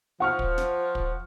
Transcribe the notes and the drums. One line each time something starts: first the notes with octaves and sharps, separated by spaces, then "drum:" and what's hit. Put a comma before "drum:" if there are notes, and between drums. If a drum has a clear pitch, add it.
F3 F#5 C#6 F6
drum: kick
drum: snare
drum: kick